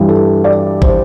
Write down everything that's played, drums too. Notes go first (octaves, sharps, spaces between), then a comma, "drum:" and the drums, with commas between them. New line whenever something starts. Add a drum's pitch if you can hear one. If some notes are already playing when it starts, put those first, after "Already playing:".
Already playing: G2 E3 G3 G4
A4
D5
C5, drum: kick